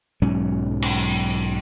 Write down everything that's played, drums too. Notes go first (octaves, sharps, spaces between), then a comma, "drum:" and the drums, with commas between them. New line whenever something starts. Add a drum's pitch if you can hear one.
B1 G#2 F#3 C#4
drum: cymbal